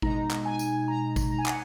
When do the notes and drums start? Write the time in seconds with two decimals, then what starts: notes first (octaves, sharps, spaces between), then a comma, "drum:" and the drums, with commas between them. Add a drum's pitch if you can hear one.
0.02 B2 G#3 D#4 A#5, drum: kick G#1
0.31 drum: clap
0.45 G#5
0.59 drum: tambourine
0.88 A#5
1.16 drum: kick G#1, tambourine
1.30 A#5
1.39 G#5
1.46 F#5, drum: clap